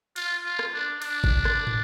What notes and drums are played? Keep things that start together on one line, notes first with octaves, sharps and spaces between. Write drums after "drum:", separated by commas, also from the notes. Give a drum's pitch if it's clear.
F4, drum: cymbal
F4
drum: rim click
D4
D4, drum: cymbal
drum: kick G1
drum: rim click
drum: tom